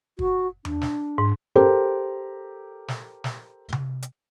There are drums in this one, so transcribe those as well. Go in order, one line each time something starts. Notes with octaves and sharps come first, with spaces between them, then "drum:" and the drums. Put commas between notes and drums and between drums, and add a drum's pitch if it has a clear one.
F#4, drum: kick
D4, drum: tom E2
drum: snare
G#2
G4 A4 A#4 C5
drum: snare
drum: snare
drum: tom C3
drum: hi-hat